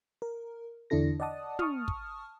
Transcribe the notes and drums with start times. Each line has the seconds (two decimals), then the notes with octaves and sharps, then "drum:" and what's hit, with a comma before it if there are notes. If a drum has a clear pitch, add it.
0.22 A#4
0.90 E2 D3 D4 E4 A4 A#6
1.20 D5 D#5 F#5 A5 D#6
1.59 A5 C#6 D#6 F6, drum: tom
1.88 drum: kick